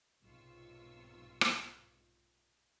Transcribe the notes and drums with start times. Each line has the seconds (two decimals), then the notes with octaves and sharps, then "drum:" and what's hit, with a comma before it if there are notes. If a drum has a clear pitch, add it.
0.23 B1 G#2 C3 F4 C#6 E6
1.41 drum: rim click